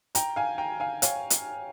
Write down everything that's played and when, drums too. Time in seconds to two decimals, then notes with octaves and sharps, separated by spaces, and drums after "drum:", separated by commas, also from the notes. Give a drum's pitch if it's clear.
0.15 G5 A#5, drum: hi-hat
0.36 F5 G#5
0.58 G5 A#5
0.80 F5 G#5
1.02 C#5 F5, drum: hi-hat
1.30 drum: hi-hat